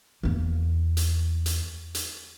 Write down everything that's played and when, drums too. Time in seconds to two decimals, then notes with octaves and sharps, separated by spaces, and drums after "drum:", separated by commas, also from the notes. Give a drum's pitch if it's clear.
0.23 E2 A#3
0.97 drum: hi-hat
1.46 drum: hi-hat
1.95 drum: hi-hat